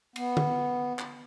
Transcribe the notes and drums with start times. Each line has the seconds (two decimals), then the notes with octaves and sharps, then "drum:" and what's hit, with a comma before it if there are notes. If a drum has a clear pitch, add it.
0.16 B3, drum: cymbal
0.37 drum: tom D3
0.99 drum: clap